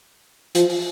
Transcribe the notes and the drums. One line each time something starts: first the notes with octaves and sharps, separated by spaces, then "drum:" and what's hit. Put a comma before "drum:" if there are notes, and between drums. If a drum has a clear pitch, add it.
F3, drum: hi-hat
drum: open hi-hat